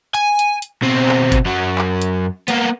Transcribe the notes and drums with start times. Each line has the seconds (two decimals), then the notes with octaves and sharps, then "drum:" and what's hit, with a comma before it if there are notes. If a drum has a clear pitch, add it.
0.14 G#5, drum: hi-hat
0.39 drum: hi-hat
0.62 drum: hi-hat
0.82 B2 C4
1.09 drum: clap
1.32 drum: kick F#1, hi-hat
1.46 F#2 F#3
1.78 drum: clap
2.02 drum: hi-hat
2.48 A#3 B3, drum: hi-hat